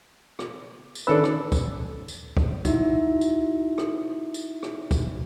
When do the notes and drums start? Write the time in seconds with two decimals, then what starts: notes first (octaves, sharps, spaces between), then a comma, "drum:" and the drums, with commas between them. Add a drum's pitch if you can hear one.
0.39 drum: rim click
0.95 drum: tambourine
1.07 D#3 C#4 D4 A4 B4 E6
1.24 drum: rim click
1.52 drum: kick, tambourine
2.08 drum: tambourine
2.37 drum: kick
2.65 D#4 E4 F#4 E5, drum: kick, tambourine
3.21 drum: tambourine
3.78 drum: rim click
4.34 drum: tambourine
4.63 drum: rim click
4.91 drum: kick, tambourine